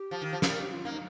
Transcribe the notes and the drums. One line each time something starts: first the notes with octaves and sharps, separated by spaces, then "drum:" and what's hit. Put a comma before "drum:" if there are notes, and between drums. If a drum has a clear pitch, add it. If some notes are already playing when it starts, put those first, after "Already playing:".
Already playing: G4
F3
D#3
F3
A#3, drum: snare
G3 A#4
G4
F4
A#3 D#4